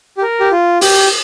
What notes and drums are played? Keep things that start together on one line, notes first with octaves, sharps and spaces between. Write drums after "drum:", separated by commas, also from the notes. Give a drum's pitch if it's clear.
G4
A#4
G4
F4
G4, drum: open hi-hat